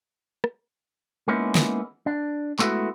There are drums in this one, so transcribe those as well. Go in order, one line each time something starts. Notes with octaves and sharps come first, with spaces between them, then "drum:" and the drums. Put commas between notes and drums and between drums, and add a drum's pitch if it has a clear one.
drum: rim click
G#3 A#3 B3 C#4 D#4 E4
drum: snare
D4
G#3 A3 B3 E4 F#4, drum: clap